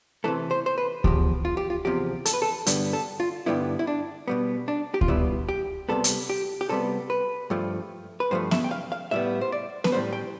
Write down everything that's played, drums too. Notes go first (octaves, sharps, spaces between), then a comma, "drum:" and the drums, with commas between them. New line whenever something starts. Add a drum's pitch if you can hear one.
C3 E3 A3 A4
C5
C5
B4
E2 C3 F3 G4, drum: kick D2
F4
G4
F4
E2 C3 F3 G4
A4, drum: hi-hat
B4
A4
G2 D3 G3 B3, drum: hi-hat
A4
F4
G2 D3 G3 B3 E4
E4
D4
B2 G3 B3
D4
G4
F4, drum: kick D2
B2 G3 B3 E4
G4
C3 G3 B3 A4
drum: hi-hat
G4
G4
C3 G3 B3 A4
B4
G2 F3 A3
B4
G2 F3 A3 C5
E5, drum: snare B3
G5
F5
F5
A2 G3 B3 E5
C5
D5
B4, drum: snare B3
A2 G3 B3 C5
G5